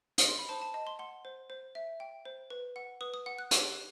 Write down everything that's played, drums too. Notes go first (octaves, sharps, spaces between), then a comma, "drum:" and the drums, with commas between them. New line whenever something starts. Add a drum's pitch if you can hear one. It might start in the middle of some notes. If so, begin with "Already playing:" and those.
D#6, drum: hi-hat
C6
B5
C5 A5
A5
D#5 A5
C6
F#5 C6
C5
C5
E5
G5
C5
B4
F#5
B4 D#6
D#6
F#5
F#6
G4, drum: hi-hat